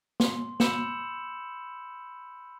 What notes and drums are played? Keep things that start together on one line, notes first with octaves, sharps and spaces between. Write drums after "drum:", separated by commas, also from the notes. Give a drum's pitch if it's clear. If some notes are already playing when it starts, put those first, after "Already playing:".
C6, drum: snare A#3
B5 E6 G6 C#7 E7 F#7, drum: snare A#3